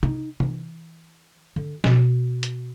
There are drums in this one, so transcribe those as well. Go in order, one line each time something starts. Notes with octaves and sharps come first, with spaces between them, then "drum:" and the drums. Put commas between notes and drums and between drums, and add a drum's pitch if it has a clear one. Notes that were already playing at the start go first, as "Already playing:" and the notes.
D#4, drum: tom
E3, drum: tom
D3
B2, drum: snare
drum: hi-hat